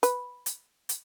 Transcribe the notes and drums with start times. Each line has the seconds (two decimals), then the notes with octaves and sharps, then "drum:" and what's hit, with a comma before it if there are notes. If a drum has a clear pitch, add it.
0.03 B4, drum: hi-hat
0.46 drum: hi-hat
0.89 drum: hi-hat